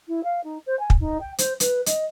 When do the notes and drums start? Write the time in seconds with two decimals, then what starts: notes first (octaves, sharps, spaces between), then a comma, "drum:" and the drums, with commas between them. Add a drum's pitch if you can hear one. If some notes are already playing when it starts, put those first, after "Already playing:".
0.08 E4
0.24 F5
0.44 D#4
0.66 C5
0.79 G#5
0.90 drum: kick
1.00 D#4
1.20 G5
1.38 C5, drum: hi-hat
1.60 B4, drum: hi-hat
1.86 D#5, drum: hi-hat